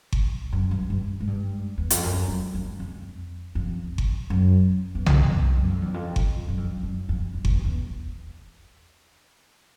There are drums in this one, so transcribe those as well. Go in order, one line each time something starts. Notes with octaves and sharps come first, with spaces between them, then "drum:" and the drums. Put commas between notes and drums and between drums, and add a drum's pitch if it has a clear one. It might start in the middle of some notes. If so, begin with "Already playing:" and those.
drum: kick G1
F#2
G2
G2
G#2
G2
E2
F2, drum: hi-hat
F#2
F#2
F2
F2
F2
drum: kick G1
F#2
E2
F2, drum: tom B1
E2
F#2
F2
E2
F2
drum: kick G1
F#2
F2
F#2
F2
F2
E2, drum: kick G1
E2